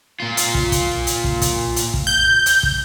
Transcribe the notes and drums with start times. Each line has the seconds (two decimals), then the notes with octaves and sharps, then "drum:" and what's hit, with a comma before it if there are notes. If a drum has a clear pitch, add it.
0.20 A#2 F4
0.37 drum: hi-hat
0.55 drum: kick
0.72 drum: kick, hi-hat
1.07 drum: hi-hat
1.24 drum: kick
1.42 drum: kick, hi-hat
1.76 drum: hi-hat
1.94 drum: kick
2.07 G6
2.46 drum: hi-hat
2.63 drum: kick